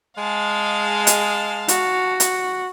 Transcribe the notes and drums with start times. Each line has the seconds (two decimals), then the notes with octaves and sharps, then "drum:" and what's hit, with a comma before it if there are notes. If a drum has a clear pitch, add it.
0.17 G#3 F5 A5
1.07 drum: hi-hat
1.68 F#4, drum: hi-hat
2.20 drum: hi-hat